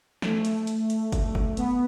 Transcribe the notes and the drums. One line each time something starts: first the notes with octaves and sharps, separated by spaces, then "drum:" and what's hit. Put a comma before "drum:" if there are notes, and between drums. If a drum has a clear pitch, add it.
A3, drum: snare
drum: hi-hat
drum: hi-hat
drum: hi-hat
drum: kick, hi-hat
drum: kick
B3, drum: hi-hat